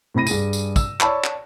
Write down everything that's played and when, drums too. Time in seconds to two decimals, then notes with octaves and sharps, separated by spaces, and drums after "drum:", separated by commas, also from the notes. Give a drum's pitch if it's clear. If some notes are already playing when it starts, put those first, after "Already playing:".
0.14 A2 C3 B5 A#6 D#7
0.27 G2 G#4 D#7, drum: tambourine
0.53 drum: tambourine
0.76 E6, drum: kick, tambourine
1.00 C#5 D5 A5 B5 C#6 E6, drum: clap
1.24 drum: clap